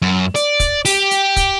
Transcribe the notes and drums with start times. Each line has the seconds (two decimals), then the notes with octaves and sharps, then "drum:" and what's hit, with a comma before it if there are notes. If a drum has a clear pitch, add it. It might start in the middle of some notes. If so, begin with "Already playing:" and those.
0.02 F#2
0.36 D5, drum: hi-hat
0.60 drum: kick, hi-hat
0.85 G4, drum: open hi-hat
1.11 drum: hi-hat
1.36 drum: kick, hi-hat